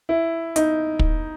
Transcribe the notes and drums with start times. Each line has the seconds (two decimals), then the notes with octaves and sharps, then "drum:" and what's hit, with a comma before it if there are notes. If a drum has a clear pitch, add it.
0.09 E4
0.56 D#4, drum: hi-hat
0.99 drum: kick